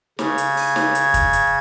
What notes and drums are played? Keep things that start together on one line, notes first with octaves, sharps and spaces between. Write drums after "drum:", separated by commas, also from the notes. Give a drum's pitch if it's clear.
C#3 G#6, drum: snare
drum: hi-hat
drum: open hi-hat
drum: snare
drum: hi-hat
drum: kick, hi-hat
drum: hi-hat